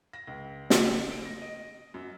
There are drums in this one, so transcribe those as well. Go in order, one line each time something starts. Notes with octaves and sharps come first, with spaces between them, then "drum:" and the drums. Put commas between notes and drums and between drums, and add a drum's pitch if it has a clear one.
A#6
C#2
C#2, drum: snare
D7
A#6
D#5
F#2